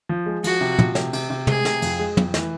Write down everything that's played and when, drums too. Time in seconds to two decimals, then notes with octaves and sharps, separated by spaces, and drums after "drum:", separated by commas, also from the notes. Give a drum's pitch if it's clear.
0.09 F3
0.26 G#3
0.44 F3 F#4, drum: cymbal
0.61 C3
0.79 F3, drum: tom
0.95 C3, drum: snare
1.13 C3, drum: cymbal
1.30 C3
1.47 G#3 G#4, drum: tom
1.65 C3, drum: snare
1.82 F2, drum: cymbal
1.99 G#3
2.17 F2, drum: tom
2.34 E3, drum: snare